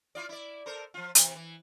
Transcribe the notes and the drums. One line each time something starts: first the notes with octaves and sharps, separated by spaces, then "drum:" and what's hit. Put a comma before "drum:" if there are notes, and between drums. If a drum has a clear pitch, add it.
E4 F4 D5
E4 D5
A4 A#4 C5
F3 F4
C3 E3, drum: hi-hat
E3